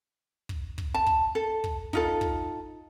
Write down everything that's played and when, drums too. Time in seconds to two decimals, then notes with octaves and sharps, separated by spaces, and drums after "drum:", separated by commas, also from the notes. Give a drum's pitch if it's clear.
0.49 drum: kick
0.78 drum: kick
0.94 A5
1.06 drum: kick
1.35 A4
1.64 drum: kick
1.93 D#4 F4 A4, drum: kick
2.21 drum: kick